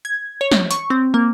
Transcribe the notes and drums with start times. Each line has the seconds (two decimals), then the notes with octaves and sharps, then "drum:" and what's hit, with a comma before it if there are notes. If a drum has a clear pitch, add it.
0.05 G#6
0.41 C#5
0.51 drum: snare
0.71 C#6, drum: hi-hat
0.90 C4
1.14 A#3